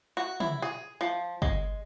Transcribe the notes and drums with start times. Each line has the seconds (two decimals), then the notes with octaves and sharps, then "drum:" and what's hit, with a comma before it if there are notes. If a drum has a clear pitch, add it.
0.17 F#4
0.40 E4, drum: tom
0.62 G#4
1.01 F3
1.42 G#3, drum: kick G1